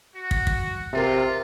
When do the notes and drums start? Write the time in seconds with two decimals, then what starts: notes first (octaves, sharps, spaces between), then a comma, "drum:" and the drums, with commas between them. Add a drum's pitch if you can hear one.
0.15 F#4
0.31 drum: kick
0.47 drum: kick
0.93 C3 F4 A#4 E5